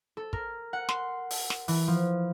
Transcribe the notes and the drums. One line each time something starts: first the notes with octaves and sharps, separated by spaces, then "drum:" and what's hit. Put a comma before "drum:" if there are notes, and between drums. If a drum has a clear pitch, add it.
A4
A#4, drum: kick
F#5
C6, drum: snare
drum: open hi-hat
drum: snare
E3, drum: open hi-hat
F3